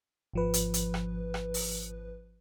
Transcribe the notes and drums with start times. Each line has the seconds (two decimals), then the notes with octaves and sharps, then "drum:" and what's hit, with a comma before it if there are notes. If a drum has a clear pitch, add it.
0.33 G#1 F3 B4
0.54 drum: hi-hat
0.74 drum: hi-hat
0.94 drum: rim click
1.34 drum: rim click
1.54 drum: open hi-hat